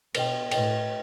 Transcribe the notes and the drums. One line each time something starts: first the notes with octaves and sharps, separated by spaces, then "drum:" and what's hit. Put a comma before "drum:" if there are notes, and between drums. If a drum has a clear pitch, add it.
B2 B4 D#5 G5, drum: cymbal
A2 B4 D#5 G5, drum: cymbal